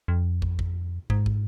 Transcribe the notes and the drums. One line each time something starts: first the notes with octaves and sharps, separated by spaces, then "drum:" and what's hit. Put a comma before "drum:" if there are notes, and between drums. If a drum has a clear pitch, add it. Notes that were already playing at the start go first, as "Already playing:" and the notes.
F2
drum: kick
drum: kick
G#2, drum: kick
drum: kick